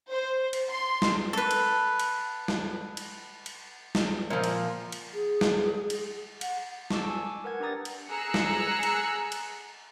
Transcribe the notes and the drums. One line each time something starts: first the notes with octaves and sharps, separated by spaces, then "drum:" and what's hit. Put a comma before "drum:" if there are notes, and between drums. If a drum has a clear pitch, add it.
C5
drum: cymbal
C6
drum: snare
A4 B4
drum: cymbal
drum: cymbal
drum: snare
drum: cymbal
drum: cymbal
drum: snare
A#2 F3
drum: cymbal
drum: cymbal
G#4
drum: snare
drum: cymbal
F#5, drum: cymbal
A5 C#6 D6 E6, drum: snare
G#5
D6
A#4 B4 F#5 G#6
D4 G4 B4 A#5 D#6 A6
drum: cymbal
G#4 A#5 E6 F#6 C#7
drum: snare
drum: cymbal
drum: cymbal